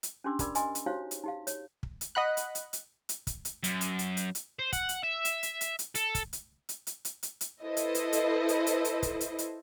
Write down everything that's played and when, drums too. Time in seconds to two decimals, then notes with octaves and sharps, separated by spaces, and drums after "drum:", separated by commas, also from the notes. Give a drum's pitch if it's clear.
0.03 drum: hi-hat
0.24 C#4 D4 G4 C6 D6 E6
0.39 G4 A#4 D5 B5 D6 E6, drum: kick, hi-hat
0.55 B4 D#5 G#5 C6, drum: hi-hat
0.75 drum: hi-hat
0.86 D#4 F#4 G4 C5 C#5 F5
1.11 drum: hi-hat
1.24 D#4 G4 F5
1.47 C#5, drum: hi-hat
1.83 drum: kick
2.01 drum: hi-hat
2.15 D#5 F#5 B5 F#6
2.37 drum: hi-hat
2.55 drum: hi-hat
2.73 drum: hi-hat
3.09 drum: hi-hat
3.27 drum: kick, hi-hat
3.45 drum: hi-hat
3.64 F#2, drum: hi-hat
3.81 drum: hi-hat
3.99 drum: hi-hat
4.17 drum: hi-hat
4.35 drum: hi-hat
4.59 C5
4.73 F#5, drum: kick, hi-hat
4.89 drum: hi-hat
5.03 E5
5.25 drum: hi-hat
5.43 drum: hi-hat
5.61 drum: hi-hat
5.79 drum: hi-hat
5.95 A4, drum: hi-hat
6.15 drum: kick, hi-hat
6.33 drum: hi-hat
6.69 drum: hi-hat
6.87 drum: hi-hat
7.05 drum: hi-hat
7.23 drum: hi-hat
7.41 drum: hi-hat
7.63 E4 A4 B4 C5 D#5
7.77 drum: hi-hat
7.95 drum: hi-hat
8.13 drum: hi-hat
8.49 drum: hi-hat
8.67 drum: hi-hat
8.85 drum: hi-hat
9.03 drum: kick, hi-hat
9.21 drum: hi-hat
9.39 drum: hi-hat